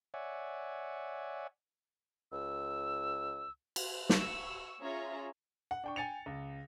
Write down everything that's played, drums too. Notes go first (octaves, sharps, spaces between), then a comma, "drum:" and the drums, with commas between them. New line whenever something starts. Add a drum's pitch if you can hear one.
C#5 D5 E5 F#5 G#5
C#2 E6
drum: cymbal
C#6 E6, drum: snare
C#4 F4 G#4 C#5 E5 A#5
F#5
D4 G5 C#6
G5 G#5 A6 C#7 F7
C#2